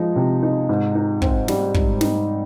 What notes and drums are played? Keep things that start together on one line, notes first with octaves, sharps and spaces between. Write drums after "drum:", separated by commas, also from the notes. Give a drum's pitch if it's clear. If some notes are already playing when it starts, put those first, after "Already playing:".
Already playing: F3 G#3 D#4
C3
D#4
G#2
D#4
C4, drum: kick
G3, drum: snare
G#2, drum: kick
D#4, drum: snare